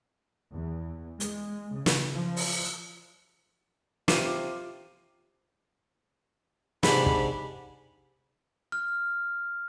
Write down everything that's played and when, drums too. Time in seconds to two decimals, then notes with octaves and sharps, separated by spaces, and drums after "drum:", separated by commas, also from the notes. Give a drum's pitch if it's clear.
0.52 E2
1.20 G#3, drum: hi-hat
1.76 C#3
1.86 drum: snare
2.15 F3
2.37 drum: open hi-hat
4.08 C3 F4 D6 C7 D#7, drum: snare
6.83 G#2 C3 D4 B5, drum: snare
7.06 drum: kick
8.72 F6